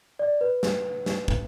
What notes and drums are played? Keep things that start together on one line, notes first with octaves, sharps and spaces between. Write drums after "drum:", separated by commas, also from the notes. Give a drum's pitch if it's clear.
D5
B4
drum: snare
drum: snare
drum: kick